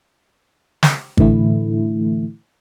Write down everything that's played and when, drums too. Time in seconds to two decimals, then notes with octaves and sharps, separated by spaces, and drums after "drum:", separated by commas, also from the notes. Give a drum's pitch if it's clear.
0.83 drum: snare
1.17 A2 D3 E3 A3 E4, drum: kick